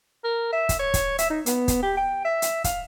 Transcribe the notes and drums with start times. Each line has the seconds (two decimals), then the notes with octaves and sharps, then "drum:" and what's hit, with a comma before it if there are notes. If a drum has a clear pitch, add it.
0.24 A#4
0.52 E5
0.69 drum: kick, hi-hat
0.79 C#5
0.94 drum: kick, hi-hat
1.18 E5, drum: hi-hat
1.30 D#4
1.46 B3, drum: hi-hat
1.68 drum: kick, hi-hat
1.82 G4
1.97 G5
2.25 E5
2.42 drum: hi-hat
2.64 F5, drum: kick, hi-hat